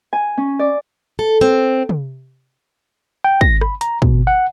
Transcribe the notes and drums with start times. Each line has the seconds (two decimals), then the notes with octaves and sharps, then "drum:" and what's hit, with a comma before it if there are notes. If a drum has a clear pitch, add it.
0.13 G#5
0.38 C#4
0.59 D5
1.19 A4
1.41 C4
1.89 drum: tom
3.24 G5
3.41 A#6, drum: kick
3.61 B5, drum: rim click
3.81 A#5, drum: hi-hat
4.02 B2, drum: kick
4.27 F#5